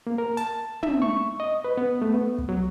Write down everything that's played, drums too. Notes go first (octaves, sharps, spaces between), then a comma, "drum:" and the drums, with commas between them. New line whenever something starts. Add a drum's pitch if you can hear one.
A#3
A#4
A5, drum: hi-hat
E5, drum: tom
C#6
D#5
B4
B3
A3
B3
drum: kick
F#3